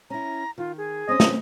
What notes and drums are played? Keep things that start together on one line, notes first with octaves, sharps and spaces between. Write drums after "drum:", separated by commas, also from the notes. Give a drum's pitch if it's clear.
C#4 E4 A#5
D#3 F4
G#4
C4 C#4 D#5
drum: snare